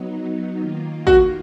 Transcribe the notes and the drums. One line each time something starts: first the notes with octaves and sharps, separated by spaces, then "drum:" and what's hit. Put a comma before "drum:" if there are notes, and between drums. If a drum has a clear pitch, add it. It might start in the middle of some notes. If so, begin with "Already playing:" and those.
Already playing: F#3 B3 D#4
D#3 A#3 F4
F#4, drum: kick